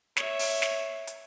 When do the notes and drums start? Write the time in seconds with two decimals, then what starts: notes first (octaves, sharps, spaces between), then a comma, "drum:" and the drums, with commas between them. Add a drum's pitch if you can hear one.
0.16 C#5 E5, drum: snare
0.39 drum: open hi-hat
0.62 drum: snare
1.07 drum: hi-hat